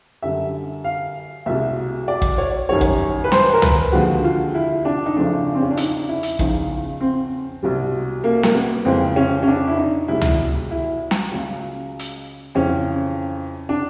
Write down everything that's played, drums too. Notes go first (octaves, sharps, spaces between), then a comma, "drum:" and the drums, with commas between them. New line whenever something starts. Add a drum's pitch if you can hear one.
F#2 D3 G3 E5
F5
C2 B2 G#3 E5
D5
drum: kick
C#5
F#2 D#3 G3 C#5
drum: kick
B4
C5, drum: snare
A#4
B4, drum: tom
D#2 D3 F3 G#3 F#4
F4
E4
D4
D#4
E2 C#3 F3 A3 D4
C4
C#4
D4
D#4, drum: hi-hat
E4
drum: hi-hat
E2 C#3 F3 D#4, drum: kick
C4
C2 B2 G3
A#3
A#3, drum: snare
B3
F2 C#3 E3 G#3 C4
C#4
C#4
D4
E4
D#4
C2 B2 G#3 E4
drum: tom
E4
drum: snare
C#2 C#3 F#3
drum: hi-hat
F2 C#3 E3 C#4
D4